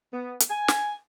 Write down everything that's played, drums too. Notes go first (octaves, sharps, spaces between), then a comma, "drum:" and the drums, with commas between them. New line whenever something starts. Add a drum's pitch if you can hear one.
B3
drum: hi-hat
G#5
drum: snare